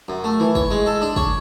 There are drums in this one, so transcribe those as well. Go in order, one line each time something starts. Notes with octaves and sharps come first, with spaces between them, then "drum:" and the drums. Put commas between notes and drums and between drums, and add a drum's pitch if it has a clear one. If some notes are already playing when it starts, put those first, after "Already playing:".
F#2
A3
E3
C#5, drum: kick
G#3
A4
D4
C#5, drum: kick